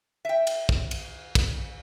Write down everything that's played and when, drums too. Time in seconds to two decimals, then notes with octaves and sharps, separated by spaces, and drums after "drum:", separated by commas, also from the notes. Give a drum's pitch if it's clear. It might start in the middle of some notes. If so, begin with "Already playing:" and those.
0.25 E5 G5
0.47 drum: cymbal
0.69 drum: kick
0.91 drum: cymbal
1.35 drum: kick, cymbal